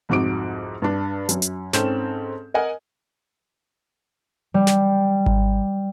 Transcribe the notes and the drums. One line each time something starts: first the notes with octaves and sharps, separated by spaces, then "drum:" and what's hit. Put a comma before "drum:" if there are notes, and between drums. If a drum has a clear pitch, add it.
C2 F2 G#2 F#4 D6 D7
G2 D4
F#2, drum: hi-hat
drum: hi-hat
G#2 C4 C#4 A4 G6 E7, drum: snare
A#4 D#5 F#5 G#5
G3
drum: snare
drum: kick G#1